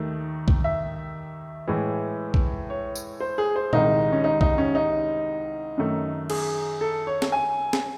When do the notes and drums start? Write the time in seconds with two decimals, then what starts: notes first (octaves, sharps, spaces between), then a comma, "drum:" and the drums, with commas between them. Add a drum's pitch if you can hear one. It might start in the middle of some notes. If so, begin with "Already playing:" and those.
Already playing: D#2 D#3 A3
0.48 drum: kick B1
0.64 E5
1.67 A2 E3 G#3
2.34 drum: kick B1
2.70 C#5
2.95 drum: tambourine
3.20 C5
3.38 G#4
3.56 C5
3.73 C2 C3 D#3 G#3 D#4, drum: tom A#2
4.12 C#4
4.24 D#4
4.41 D#4, drum: kick B1
4.58 C#4
4.75 D#4
5.78 F#2 D#3 A3
6.30 G#4, drum: cymbal
6.81 A4
7.07 C#5
7.22 drum: snare
7.32 G#5
7.73 drum: snare